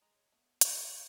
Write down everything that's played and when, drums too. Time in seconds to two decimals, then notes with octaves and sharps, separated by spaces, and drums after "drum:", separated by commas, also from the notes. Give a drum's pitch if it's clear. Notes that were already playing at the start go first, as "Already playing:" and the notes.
0.02 G#3 A#5
0.16 C#5
0.32 A3 B3
0.61 B3 A4 C#5 A5, drum: hi-hat
0.74 F#3 A#4
0.88 F5